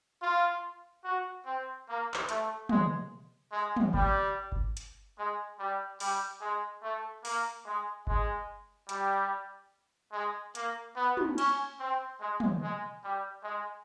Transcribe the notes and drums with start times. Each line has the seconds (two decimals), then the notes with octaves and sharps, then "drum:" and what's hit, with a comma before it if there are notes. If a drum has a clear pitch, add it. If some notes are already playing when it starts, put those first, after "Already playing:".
0.22 F4
1.05 F#4
1.46 C4
1.87 A#3
2.14 drum: clap
2.29 A3, drum: hi-hat
2.69 G#3, drum: tom
3.52 G#3
3.76 drum: tom
3.94 G3, drum: kick G1
4.52 drum: kick G1
4.77 drum: hi-hat
5.18 G#3
5.60 G3
6.00 G3, drum: open hi-hat
6.41 G#3
6.83 A3
7.25 A#3, drum: open hi-hat
7.66 G#3
8.07 G#3, drum: kick G1
8.89 G3, drum: hi-hat
10.13 G#3
10.55 A#3, drum: hi-hat
10.96 B3
11.17 drum: tom
11.38 C#4, drum: cymbal
11.79 C4
12.20 G#3
12.40 drum: tom
12.62 G#3
13.02 G3
13.44 G#3